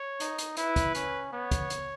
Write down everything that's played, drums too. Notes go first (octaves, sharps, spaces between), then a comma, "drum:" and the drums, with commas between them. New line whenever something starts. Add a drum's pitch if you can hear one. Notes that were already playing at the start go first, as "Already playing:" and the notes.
Already playing: C#5
D#4, drum: hi-hat
drum: hi-hat
E4 B4, drum: hi-hat
drum: kick, hi-hat
C#4, drum: hi-hat
B3 C#5
drum: kick, hi-hat
drum: hi-hat